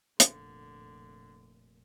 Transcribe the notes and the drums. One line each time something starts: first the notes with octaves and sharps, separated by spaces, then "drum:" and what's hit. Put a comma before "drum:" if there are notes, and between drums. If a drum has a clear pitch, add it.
F1 A#2 D3, drum: hi-hat